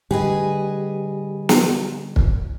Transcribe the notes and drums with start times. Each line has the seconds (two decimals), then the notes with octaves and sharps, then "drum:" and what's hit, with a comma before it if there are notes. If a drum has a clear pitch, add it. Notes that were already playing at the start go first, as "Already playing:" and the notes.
0.11 A2 D3 G3 G4 G#4 B4 D#5
1.49 drum: snare
2.16 drum: kick